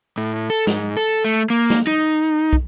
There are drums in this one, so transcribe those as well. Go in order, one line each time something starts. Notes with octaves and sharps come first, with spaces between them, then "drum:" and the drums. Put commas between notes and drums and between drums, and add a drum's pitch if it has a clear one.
A2
A4
G#2, drum: snare
A4
A3
A#3
drum: snare
D#4
drum: kick